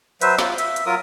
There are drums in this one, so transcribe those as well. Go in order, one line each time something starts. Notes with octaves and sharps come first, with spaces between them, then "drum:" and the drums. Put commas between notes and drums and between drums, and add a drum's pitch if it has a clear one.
F#3 B4 C5 E5, drum: hi-hat
F4, drum: snare
E5, drum: hi-hat
drum: hi-hat
F#3 F4 A#4 D#6